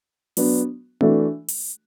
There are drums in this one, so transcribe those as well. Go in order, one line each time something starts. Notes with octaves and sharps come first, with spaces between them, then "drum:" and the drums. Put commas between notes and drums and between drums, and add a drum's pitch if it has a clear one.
F#3 B3 D4, drum: open hi-hat
E3 A3 D4 F#4 A4, drum: tom C4
drum: open hi-hat